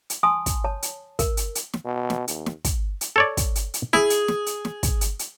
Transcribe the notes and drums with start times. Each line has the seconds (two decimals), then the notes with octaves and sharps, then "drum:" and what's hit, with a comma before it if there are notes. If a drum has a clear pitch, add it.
0.10 drum: hi-hat
0.23 G#5 A5 C6 D#6
0.46 drum: kick, hi-hat
0.64 C#5 A5
0.82 drum: hi-hat
1.19 A#4, drum: kick, hi-hat
1.37 drum: hi-hat
1.55 drum: hi-hat
1.73 drum: snare
1.85 B2
2.10 drum: snare
2.28 D#2, drum: hi-hat
2.46 drum: snare
2.64 drum: kick, hi-hat
3.01 drum: hi-hat
3.16 A4 C#5 D5
3.37 drum: kick, hi-hat
3.55 drum: hi-hat
3.74 drum: hi-hat
3.93 E4 G#4, drum: snare
4.10 drum: hi-hat
4.28 drum: snare
4.46 drum: hi-hat
4.65 drum: snare
4.83 drum: kick, hi-hat
5.01 drum: hi-hat
5.19 drum: hi-hat